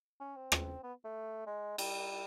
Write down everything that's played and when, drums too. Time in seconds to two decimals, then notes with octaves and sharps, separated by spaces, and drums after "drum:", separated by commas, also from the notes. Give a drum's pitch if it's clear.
0.20 C#4
0.36 C4
0.52 drum: rim click
0.83 B3
1.05 A3
1.47 G#3
1.78 G3, drum: cymbal